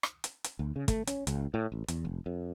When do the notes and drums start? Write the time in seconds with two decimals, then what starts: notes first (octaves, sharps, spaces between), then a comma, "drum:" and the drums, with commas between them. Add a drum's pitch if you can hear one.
0.03 drum: rim click
0.24 drum: hi-hat
0.44 drum: hi-hat
0.59 D2
0.76 C#3
0.88 A3, drum: kick, hi-hat
1.07 C#4, drum: hi-hat
1.27 C#2, drum: hi-hat
1.54 A2
1.72 A1
1.88 E2, drum: hi-hat
2.05 F1
2.26 F2